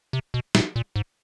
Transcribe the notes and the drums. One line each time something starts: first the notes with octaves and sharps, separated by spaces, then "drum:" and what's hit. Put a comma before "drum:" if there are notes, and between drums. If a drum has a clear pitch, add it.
C3
B2
A#2, drum: snare
A#2
G#2